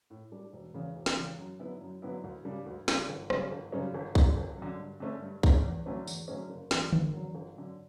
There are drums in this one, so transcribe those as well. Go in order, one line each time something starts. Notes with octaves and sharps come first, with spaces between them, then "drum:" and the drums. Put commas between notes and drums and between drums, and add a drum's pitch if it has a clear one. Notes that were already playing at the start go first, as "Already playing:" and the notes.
A2
G3 D4
E1
E2 C#3
E1
drum: snare
E2 C#3
F#2
D3 F#3 B3 E4
F#2
D3 F#3 B3 E4
D2
C#3 G3 D4
D2
C#3 G3 D4, drum: snare
G1
F#2 C#3 G3 C#4, drum: rim click
G1
F#2 C#3 G3 C#4
G1
F#2 D3, drum: kick B1
G1
F#2 D3
G2
D3 A3 C#4
G2
D3 A3 C#4, drum: kick B1
E2
D3 F#3 A3 C#4
E2, drum: tambourine
D3 F#3 A3 C#4
F#1
E2 D3 F#3, drum: snare
F#1, drum: tom D3
E2 D3 F#3
G1
F#2 D3